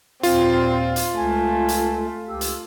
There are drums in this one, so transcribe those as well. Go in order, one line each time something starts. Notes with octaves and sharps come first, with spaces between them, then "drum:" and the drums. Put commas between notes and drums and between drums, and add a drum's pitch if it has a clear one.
D#2 A#2 C4 F4, drum: hi-hat
drum: hi-hat
C#2 A3 G#5
drum: hi-hat
C#2 G4 E6
drum: hi-hat